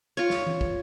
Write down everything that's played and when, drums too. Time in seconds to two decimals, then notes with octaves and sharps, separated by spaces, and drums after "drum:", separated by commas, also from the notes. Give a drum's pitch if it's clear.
0.17 F4 C#5
0.30 drum: snare
0.46 drum: tom E3
0.61 drum: kick